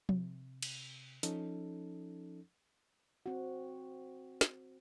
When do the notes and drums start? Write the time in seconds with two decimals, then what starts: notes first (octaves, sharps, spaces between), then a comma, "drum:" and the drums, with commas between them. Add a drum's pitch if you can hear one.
0.09 C3, drum: tom F3
0.62 drum: cymbal
1.23 F3 C#4 D#4 A4, drum: hi-hat
3.26 C4 F#4
4.41 drum: snare